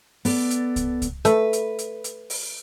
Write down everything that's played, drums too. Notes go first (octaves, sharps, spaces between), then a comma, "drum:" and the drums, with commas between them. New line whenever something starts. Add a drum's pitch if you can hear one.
B3 A4 D5, drum: open hi-hat
drum: hi-hat
drum: kick C2, hi-hat
drum: kick C2, hi-hat
A3 B4, drum: hi-hat
drum: hi-hat
drum: hi-hat
drum: hi-hat
drum: open hi-hat